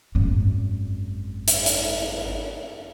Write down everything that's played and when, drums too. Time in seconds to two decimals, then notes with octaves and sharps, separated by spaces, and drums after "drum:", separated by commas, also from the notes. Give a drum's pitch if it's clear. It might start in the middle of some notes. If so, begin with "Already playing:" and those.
0.15 G#1 F#2
1.48 drum: hi-hat
1.66 drum: hi-hat